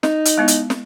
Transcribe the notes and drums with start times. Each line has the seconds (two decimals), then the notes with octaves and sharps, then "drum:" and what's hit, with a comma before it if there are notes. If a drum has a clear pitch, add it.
0.03 D#4, drum: snare
0.25 drum: hi-hat
0.38 G#3 B3 E4
0.48 drum: hi-hat
0.70 drum: snare